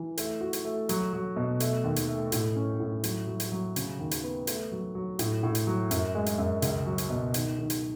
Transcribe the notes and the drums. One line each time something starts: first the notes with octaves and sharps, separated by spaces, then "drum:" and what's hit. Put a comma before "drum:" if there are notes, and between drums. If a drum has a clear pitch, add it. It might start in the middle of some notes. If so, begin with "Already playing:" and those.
Already playing: E3
A3, drum: hi-hat
F#4
drum: hi-hat
A3
F#3, drum: hi-hat
F#3
B2
A3, drum: hi-hat
D#2
drum: hi-hat
A3
A2, drum: hi-hat
C#4
A2
F#3, drum: hi-hat
F#3
drum: hi-hat
F#3
C#3, drum: hi-hat
D#2
drum: hi-hat
B3
A3, drum: hi-hat
F#3
F#3
A2, drum: hi-hat
A2
drum: hi-hat
F#3
F#2, drum: hi-hat
G#3
drum: hi-hat
F#2
C#2, drum: hi-hat
F#3
drum: hi-hat
B2
D#3, drum: hi-hat
D#3
drum: hi-hat